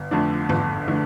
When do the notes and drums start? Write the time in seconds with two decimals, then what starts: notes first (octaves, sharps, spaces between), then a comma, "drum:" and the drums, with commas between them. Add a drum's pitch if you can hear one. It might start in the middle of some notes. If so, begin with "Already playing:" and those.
Already playing: G1
0.11 F2 D3 A3 D4
0.49 G1, drum: tom G#2
0.88 D3 A3 D4